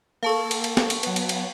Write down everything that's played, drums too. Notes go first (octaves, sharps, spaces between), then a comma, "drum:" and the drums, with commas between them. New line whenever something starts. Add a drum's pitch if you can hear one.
A#3 A4 F5 A5 C#6
drum: cymbal
drum: cymbal
drum: snare
drum: cymbal
F#3 B3, drum: cymbal
drum: cymbal
drum: cymbal